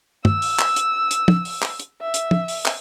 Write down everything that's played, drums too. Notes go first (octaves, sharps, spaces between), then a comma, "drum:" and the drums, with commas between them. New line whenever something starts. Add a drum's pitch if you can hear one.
E6, drum: tom
drum: open hi-hat
drum: clap
drum: hi-hat
drum: hi-hat
drum: tom
drum: open hi-hat
drum: clap
drum: hi-hat
E5
drum: hi-hat
drum: tom
drum: open hi-hat
drum: clap